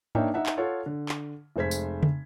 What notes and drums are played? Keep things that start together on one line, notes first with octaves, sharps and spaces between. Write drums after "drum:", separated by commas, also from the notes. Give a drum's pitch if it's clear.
A#3 D4 D#4 C#5 E5 G5, drum: tom G#2
D#4 E5 F#5
drum: clap
F4 A4 C#5 F#5
D3
drum: clap
F1 G#3 C5 G#6 B6
drum: tambourine
drum: tom